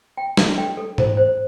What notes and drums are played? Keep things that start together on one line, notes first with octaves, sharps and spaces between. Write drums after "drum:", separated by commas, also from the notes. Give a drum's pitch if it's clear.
G5
A4, drum: snare
G5
A4
C5, drum: tom G#2
C5